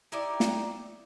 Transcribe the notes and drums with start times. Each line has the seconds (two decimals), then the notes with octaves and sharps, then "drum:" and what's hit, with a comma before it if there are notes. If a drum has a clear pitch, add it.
0.12 D#4 E4 G4 D5
0.40 drum: snare